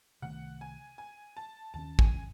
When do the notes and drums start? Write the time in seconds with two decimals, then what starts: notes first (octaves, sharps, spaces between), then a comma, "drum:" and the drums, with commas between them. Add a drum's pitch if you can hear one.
0.22 C2 C3 D#3 A3 F#5
0.61 G#5
0.98 G#5
1.37 A5
1.74 D#2 D#3 G#3 C#4 A5
1.99 G#5, drum: kick